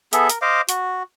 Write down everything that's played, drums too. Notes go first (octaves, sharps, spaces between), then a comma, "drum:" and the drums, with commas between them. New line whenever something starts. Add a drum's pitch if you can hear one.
B3 G#4 A4 E5, drum: hi-hat
A#4, drum: hi-hat
C5 D#5 F5 D6
F#4, drum: hi-hat